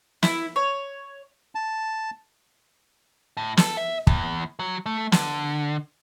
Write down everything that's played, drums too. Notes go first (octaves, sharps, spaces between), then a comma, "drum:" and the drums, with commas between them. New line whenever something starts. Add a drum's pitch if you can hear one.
E4, drum: snare
C#5
A5
A2
A4, drum: snare
E5
E2, drum: kick
F#3
A3
D3, drum: snare